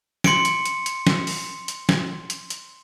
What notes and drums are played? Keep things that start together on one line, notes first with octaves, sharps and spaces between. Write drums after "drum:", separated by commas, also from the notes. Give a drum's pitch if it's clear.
C6 C#7 D7, drum: snare
drum: hi-hat
drum: hi-hat
drum: hi-hat
drum: snare
drum: open hi-hat
drum: hi-hat
drum: snare
drum: hi-hat
drum: hi-hat